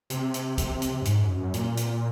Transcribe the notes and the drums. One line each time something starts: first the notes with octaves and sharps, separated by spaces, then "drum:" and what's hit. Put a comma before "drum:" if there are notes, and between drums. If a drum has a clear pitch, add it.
C3, drum: hi-hat
drum: hi-hat
drum: kick C#2, hi-hat
drum: hi-hat
F#2
G#2, drum: hi-hat
F#2
F#2
A#2, drum: hi-hat
drum: hi-hat